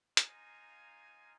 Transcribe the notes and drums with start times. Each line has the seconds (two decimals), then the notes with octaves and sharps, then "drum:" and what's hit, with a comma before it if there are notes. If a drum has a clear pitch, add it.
0.17 D#4 F4 C5 F5 G#5 A#5, drum: hi-hat